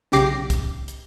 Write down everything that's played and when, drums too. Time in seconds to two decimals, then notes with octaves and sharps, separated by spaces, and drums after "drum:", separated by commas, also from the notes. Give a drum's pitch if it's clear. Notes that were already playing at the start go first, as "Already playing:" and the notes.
0.12 B1 C#3 G4 D6 A#6 C7, drum: snare
0.50 drum: kick C2, hi-hat
0.88 drum: hi-hat